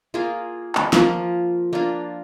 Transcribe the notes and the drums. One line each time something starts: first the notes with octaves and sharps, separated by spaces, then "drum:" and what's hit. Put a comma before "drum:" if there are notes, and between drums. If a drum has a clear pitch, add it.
A#3 F4 G#4
drum: clap
F3 A#3 F4, drum: snare
A#3 D4 F4